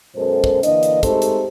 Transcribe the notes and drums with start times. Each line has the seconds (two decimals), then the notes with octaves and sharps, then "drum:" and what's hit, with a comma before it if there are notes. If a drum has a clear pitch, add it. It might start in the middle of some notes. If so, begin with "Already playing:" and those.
0.16 F#2 B2 G#3 A4 A#4 C5
0.44 drum: kick
0.63 D3 E3 A#3 D4 D#5, drum: hi-hat
0.83 drum: hi-hat
1.03 G#3 A3 C4 D#4 G4 A4, drum: kick, hi-hat
1.22 drum: hi-hat